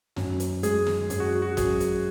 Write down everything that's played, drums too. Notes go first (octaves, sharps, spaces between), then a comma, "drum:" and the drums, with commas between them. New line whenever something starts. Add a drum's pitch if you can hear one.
F#2, drum: snare
drum: hi-hat
G#3 G#4, drum: hi-hat
drum: snare
F#2 G#4, drum: hi-hat
F#4
F#4
F#2 G#4, drum: kick, hi-hat
drum: hi-hat